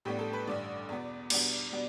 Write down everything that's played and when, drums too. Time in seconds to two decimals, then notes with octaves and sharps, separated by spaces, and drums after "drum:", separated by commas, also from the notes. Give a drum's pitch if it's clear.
0.05 A1 A2 G3 B3 D4 G4
0.19 A4
0.33 B4
0.47 A1 G2 D3 D5
0.89 E2 B2 B3
1.30 E2 B2 G3 B3 D4 D5, drum: cymbal
1.72 B2 G3 B3 D4